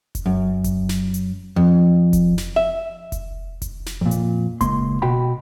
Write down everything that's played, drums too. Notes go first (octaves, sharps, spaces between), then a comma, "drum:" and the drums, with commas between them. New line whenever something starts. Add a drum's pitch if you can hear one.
drum: kick F1, hi-hat
F#2
drum: kick F1, hi-hat
drum: snare
drum: hi-hat
F2
drum: kick F1, hi-hat
drum: snare
E5
drum: kick F1, hi-hat
drum: kick F1, hi-hat
drum: snare
F2 A#2
drum: hi-hat
C#2 A#3 C6, drum: kick F1, hi-hat
B2 F#4 G5 B5